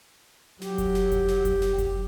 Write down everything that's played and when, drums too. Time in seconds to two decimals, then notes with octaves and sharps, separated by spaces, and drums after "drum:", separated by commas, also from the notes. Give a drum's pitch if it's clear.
0.61 F#3 G4, drum: snare
0.78 drum: kick F1, hi-hat
0.95 drum: snare
1.12 drum: kick F1, hi-hat
1.28 drum: snare
1.45 drum: kick F1, hi-hat
1.62 drum: snare
1.78 drum: kick F1, hi-hat